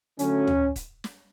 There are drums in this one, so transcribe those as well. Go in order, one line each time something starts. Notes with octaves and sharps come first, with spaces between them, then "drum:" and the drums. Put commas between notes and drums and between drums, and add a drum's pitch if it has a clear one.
D3 F#3 A3 C#4, drum: hi-hat
drum: tom
drum: kick, hi-hat
drum: snare